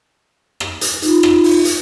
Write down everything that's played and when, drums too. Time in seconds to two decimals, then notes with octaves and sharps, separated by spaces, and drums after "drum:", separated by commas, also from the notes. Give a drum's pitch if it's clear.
0.60 drum: rim click
0.81 drum: hi-hat
1.02 D#4 F4, drum: hi-hat
1.23 drum: rim click
1.44 drum: open hi-hat
1.65 drum: hi-hat